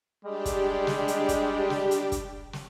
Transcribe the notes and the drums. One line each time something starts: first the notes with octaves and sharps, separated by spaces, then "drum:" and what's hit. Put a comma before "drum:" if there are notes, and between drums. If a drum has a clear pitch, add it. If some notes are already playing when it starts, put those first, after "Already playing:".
G3 G#3 D4 G4
drum: kick, hi-hat
drum: snare
drum: hi-hat
drum: kick, hi-hat
drum: snare
drum: hi-hat
drum: kick, hi-hat
drum: snare